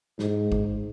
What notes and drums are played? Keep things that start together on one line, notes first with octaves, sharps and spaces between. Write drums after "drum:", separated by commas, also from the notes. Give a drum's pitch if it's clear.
G#2, drum: snare
drum: kick